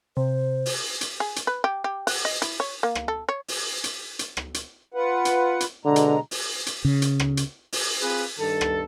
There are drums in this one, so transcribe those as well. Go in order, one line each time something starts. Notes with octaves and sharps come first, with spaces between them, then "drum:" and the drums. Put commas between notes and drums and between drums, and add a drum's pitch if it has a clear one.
C3 C5
drum: open hi-hat
drum: hi-hat
G#4
drum: hi-hat
B4
G4
G4
F#5, drum: open hi-hat
D#5
E4, drum: hi-hat
C#5
A#3
drum: rim click
A4
C#5
drum: open hi-hat
drum: hi-hat
drum: hi-hat
drum: rim click
drum: hi-hat
F4 B4 F#5
drum: hi-hat
drum: hi-hat
B2 D3 G#3 A#5
drum: hi-hat
drum: open hi-hat
drum: hi-hat
C#3
drum: hi-hat
drum: rim click
drum: hi-hat
drum: open hi-hat
C4 F4 G#4 B4
G2 D#3 A4
drum: rim click